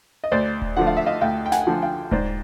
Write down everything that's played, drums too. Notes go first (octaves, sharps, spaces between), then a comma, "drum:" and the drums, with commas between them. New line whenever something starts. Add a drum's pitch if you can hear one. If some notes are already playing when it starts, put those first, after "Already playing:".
D#5
D2 C5 D5
drum: kick D#1
D3 F3 A3 F#5
F5
E5
D#5 F5
D2 F5 G5
G5
F#5 G#5, drum: snare
D3 F3 A3
F5 G5
G#2 C5 D5, drum: kick D#1